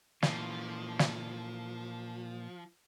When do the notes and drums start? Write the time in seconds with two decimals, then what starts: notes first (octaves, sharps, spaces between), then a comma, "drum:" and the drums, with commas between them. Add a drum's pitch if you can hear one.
0.23 A#2 E3 F3, drum: snare
0.99 drum: snare